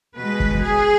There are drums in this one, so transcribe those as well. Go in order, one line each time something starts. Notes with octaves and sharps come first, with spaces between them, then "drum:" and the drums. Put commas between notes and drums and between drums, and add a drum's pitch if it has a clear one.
B2 G#3 B4
drum: kick
G#4